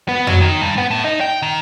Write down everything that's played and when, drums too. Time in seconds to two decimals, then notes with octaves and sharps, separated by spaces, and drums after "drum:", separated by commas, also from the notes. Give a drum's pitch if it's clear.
0.09 B3
0.27 F#3, drum: tom F2
0.42 D#3
0.62 G2
0.78 B3
0.91 A2
1.04 D#4
1.21 G5
1.43 D#3